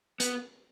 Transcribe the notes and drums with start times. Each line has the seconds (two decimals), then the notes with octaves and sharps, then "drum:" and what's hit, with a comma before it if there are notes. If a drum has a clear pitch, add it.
0.20 B3, drum: hi-hat